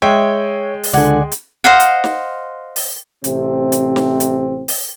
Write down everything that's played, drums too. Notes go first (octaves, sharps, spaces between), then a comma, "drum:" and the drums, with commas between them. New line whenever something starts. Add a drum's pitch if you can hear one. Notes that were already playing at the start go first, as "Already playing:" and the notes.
G#3 C#5 E5 G5
drum: open hi-hat
C#2 D3 D5 F#5 G#5
drum: hi-hat
C5 D#5 F5 F#5
drum: hi-hat
drum: snare
drum: open hi-hat
A1 C3 C4, drum: hi-hat
drum: hi-hat
drum: snare
drum: hi-hat
drum: open hi-hat